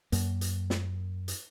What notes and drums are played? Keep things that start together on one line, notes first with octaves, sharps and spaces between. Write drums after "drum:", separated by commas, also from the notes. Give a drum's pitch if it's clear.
F#2 A#3, drum: hi-hat
drum: hi-hat
drum: snare
drum: hi-hat